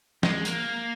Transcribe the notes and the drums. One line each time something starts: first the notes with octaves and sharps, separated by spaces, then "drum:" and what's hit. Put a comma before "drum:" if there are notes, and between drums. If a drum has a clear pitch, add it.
G#3, drum: snare
A#3, drum: tambourine